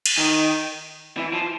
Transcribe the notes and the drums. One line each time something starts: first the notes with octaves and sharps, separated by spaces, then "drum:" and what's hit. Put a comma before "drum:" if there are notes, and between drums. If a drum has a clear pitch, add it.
drum: cymbal
D#3
E3
F3